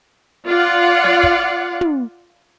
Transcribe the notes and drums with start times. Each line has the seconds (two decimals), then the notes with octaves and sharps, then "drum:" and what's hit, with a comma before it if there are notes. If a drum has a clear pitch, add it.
0.46 F4 D5 F5 F#5
1.04 drum: snare
1.23 drum: kick
1.81 drum: tom